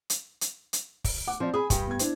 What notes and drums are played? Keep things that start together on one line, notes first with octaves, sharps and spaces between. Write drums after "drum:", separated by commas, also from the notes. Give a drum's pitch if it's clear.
drum: hi-hat
drum: hi-hat
drum: hi-hat
drum: kick, open hi-hat
F#5 D6
F3 C4 D5
G#4 G#5 B5 D#6
G2 G4, drum: kick, hi-hat
B3 G#6
D4 E4 C5, drum: hi-hat